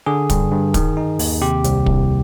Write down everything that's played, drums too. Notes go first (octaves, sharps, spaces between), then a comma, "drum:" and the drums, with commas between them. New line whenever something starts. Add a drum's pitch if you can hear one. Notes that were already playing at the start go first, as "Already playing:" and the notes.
D3 G#4
G2, drum: kick, hi-hat
G2
D#3, drum: kick, hi-hat
D#4
D#2, drum: open hi-hat
C3 G4
C2, drum: hi-hat
C2, drum: kick